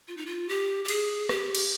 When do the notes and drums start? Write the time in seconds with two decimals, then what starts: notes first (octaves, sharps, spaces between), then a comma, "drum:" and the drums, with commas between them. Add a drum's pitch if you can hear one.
0.08 F4
0.17 D#4
0.26 F4
0.49 G4
0.85 G4
0.88 G#4, drum: cymbal
1.29 G4, drum: rim click
1.55 drum: cymbal